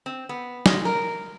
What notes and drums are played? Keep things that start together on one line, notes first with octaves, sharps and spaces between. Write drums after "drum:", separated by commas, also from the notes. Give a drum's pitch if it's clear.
C4
B3
G#3, drum: snare
A#4